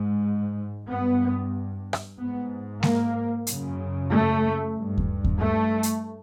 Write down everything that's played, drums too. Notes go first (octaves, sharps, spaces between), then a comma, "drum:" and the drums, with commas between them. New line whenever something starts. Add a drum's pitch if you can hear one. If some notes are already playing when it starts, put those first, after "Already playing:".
Already playing: G#2
G2 B3
drum: rim click
G#2 B3
A#3, drum: snare G#3
F#2 C#3, drum: hi-hat
A3
G2
drum: kick D#2
drum: kick D#2
A3
drum: hi-hat